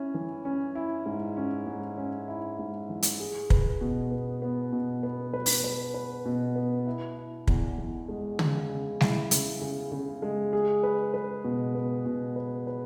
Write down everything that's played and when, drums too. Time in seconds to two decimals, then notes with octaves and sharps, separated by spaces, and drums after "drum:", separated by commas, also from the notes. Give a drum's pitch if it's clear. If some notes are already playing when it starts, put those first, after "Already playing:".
Already playing: C#4 E4
0.14 E3
0.45 C#4
0.75 E4
1.06 G#2
1.37 C#4
1.67 G#2
1.97 C#4
2.28 E4
2.59 G#2
2.89 E3
3.03 drum: hi-hat
3.20 G#4
3.50 B4, drum: kick
3.81 B2
4.11 B3
4.42 B3
4.72 B2
5.03 B3
5.33 B4
5.46 drum: open hi-hat
5.64 B4
5.94 B4
6.25 B2
6.56 B3
6.87 E4
7.17 E4
7.47 E2, drum: kick
7.78 E2
8.09 G#3
8.39 C#3, drum: tom
8.70 C#3
9.01 E4, drum: snare G3
9.31 C#3, drum: hi-hat
9.61 C#3
9.92 C#3
10.22 G#3
10.53 G#4
10.83 B4
11.14 B4
11.44 B2
11.75 B3
12.06 B2
12.36 B4
12.67 B4